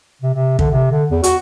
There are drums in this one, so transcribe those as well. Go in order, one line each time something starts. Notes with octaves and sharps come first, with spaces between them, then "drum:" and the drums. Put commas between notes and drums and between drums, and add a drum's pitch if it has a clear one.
C3
C3
D3, drum: kick
C3
D3
E2
F#4, drum: hi-hat